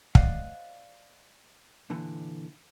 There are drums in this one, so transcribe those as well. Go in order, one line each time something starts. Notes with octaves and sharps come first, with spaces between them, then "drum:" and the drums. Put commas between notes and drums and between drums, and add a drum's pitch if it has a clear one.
C5 D5 D#5 F5 F#5, drum: kick
A#2 D3 E3